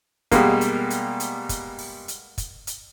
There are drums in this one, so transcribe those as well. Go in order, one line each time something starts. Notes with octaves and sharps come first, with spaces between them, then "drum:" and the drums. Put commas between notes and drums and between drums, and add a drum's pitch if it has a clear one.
B2 G3 G#3 A#3, drum: kick, hi-hat
drum: hi-hat
drum: hi-hat
drum: hi-hat
drum: kick, hi-hat
drum: open hi-hat
drum: hi-hat
drum: kick, hi-hat
drum: hi-hat